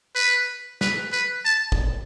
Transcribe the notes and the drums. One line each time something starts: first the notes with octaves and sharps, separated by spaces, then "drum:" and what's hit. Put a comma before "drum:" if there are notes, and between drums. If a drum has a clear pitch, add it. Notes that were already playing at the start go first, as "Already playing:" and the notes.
B4
B4, drum: snare
B4
A5
drum: kick